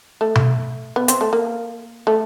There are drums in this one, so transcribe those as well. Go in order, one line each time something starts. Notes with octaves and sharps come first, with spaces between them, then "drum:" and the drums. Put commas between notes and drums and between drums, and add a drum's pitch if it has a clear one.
A3
drum: tom B2
B3
C4, drum: hi-hat
A3
A#3
A3